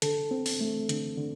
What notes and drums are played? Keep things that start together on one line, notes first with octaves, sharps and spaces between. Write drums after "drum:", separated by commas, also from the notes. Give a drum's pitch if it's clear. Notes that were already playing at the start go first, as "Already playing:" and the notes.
D3 A4, drum: hi-hat
C4
drum: open hi-hat
A3
D3, drum: hi-hat
D3